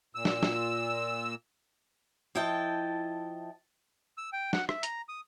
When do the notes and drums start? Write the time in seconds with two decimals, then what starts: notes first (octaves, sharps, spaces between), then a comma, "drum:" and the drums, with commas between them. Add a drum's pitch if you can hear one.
0.15 A#2 E6
0.25 drum: snare
0.43 drum: snare
2.35 F3 E4 D#5 G5 A5
4.18 E6
4.33 G5
4.53 F#5, drum: snare
4.69 E5, drum: rim click
4.83 A#5, drum: hi-hat
5.09 D#6